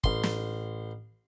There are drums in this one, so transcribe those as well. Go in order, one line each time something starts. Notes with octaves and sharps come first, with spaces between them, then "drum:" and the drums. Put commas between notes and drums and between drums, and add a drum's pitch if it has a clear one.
A1 C6, drum: kick
drum: snare